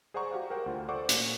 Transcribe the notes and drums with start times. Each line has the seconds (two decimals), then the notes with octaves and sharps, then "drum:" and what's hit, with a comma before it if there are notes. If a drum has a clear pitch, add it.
0.14 G#4 C5 D5 F#5 A#5 C#6
0.31 F#4 G4 F5 F#5
0.50 A#4 C5 F#5 G5
0.66 D2 F4
0.88 A4 C5 D5 F#5 C#6 D6
1.09 A#2, drum: hi-hat